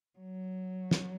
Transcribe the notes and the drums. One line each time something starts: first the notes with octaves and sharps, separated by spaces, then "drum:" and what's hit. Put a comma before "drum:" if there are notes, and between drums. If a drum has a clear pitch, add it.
F#3
drum: snare